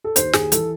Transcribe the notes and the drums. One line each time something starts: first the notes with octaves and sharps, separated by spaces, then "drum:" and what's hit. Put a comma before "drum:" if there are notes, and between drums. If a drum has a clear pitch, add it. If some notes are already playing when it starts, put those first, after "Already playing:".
A4
D#2 C5, drum: hi-hat
D#2 G#4, drum: snare
E3 A4, drum: hi-hat